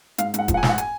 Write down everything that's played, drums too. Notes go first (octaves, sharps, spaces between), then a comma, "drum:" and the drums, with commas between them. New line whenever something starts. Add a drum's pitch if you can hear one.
G#2 F5, drum: hi-hat
G#2 F#5, drum: hi-hat
F3, drum: kick E1, hi-hat
F#5
G#5
G#2, drum: snare
F#5
G#5, drum: hi-hat